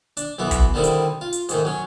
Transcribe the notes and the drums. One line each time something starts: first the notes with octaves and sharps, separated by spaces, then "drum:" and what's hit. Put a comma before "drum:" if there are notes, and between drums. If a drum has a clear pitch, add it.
D4, drum: hi-hat
B1 E3 B3 E5
drum: kick, hi-hat
D3 D#3 G3 C4 D#4 E4
drum: hi-hat
F4
drum: hi-hat
G#2 D#3 A3, drum: hi-hat
F#3 C#4